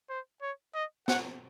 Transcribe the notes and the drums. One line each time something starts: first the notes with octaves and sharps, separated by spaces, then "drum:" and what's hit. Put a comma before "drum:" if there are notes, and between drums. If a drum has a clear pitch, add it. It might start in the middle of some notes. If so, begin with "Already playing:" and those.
C5
C#5
D#5
F#5, drum: snare